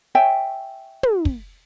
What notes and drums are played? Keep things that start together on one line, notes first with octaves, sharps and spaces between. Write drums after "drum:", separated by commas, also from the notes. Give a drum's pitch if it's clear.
C#5 E5 G5 G#5
drum: tom
drum: kick